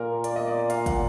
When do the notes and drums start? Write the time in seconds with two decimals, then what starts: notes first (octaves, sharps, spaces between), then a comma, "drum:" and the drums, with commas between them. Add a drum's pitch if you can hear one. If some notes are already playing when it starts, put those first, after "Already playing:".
Already playing: A#2 A#4
0.24 D5, drum: hi-hat
0.36 D#5
0.47 D5
0.58 D5
0.70 F5, drum: hi-hat
0.86 F#5, drum: kick, hi-hat